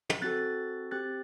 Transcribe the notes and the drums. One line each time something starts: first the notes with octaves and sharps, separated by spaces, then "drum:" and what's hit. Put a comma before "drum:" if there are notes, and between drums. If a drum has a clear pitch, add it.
drum: tom
C4 F#4 A4 F#6 A6
C4 G4 F#6 A6